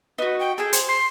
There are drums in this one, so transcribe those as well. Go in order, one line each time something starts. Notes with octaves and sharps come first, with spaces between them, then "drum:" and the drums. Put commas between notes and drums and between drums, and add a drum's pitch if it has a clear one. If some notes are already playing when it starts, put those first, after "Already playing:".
D#4 F#4 B4
G5
G#4 A4 G5
C5, drum: hi-hat
C6